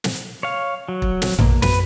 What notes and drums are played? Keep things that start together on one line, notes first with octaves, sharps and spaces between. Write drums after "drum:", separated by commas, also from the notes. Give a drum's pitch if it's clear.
drum: snare
C#5 F5
F#3
drum: kick
drum: snare
B2 A#3, drum: tom A#1
F#2 B4, drum: snare